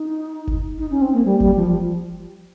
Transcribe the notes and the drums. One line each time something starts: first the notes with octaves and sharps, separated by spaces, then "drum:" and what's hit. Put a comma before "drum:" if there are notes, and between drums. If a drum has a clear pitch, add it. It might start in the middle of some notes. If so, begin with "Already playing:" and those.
Already playing: D#4
drum: kick F#1
D#4
C#4
C4
A#3
G3
G3, drum: kick F#1
F3